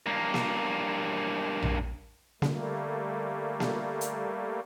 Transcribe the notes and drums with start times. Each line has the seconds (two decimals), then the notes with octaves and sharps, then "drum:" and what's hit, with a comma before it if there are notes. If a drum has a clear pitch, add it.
0.06 G2 A#3
0.34 drum: snare A#3
1.62 drum: tom A#1
2.42 D3 G3 A3 A#3, drum: snare A#3
3.60 drum: snare A#3
4.01 drum: hi-hat